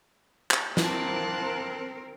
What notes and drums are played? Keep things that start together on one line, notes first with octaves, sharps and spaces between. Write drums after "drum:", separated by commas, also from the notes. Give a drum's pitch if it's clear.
drum: clap
A#2 A#3 C4 E4 A#4 A5 F#6, drum: snare